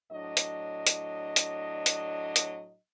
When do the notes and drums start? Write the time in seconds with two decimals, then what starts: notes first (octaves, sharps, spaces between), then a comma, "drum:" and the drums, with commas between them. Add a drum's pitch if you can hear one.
0.12 A2 F#3 D4 D#5
0.37 drum: hi-hat
0.87 drum: hi-hat
1.36 drum: hi-hat
1.86 drum: hi-hat
2.36 drum: hi-hat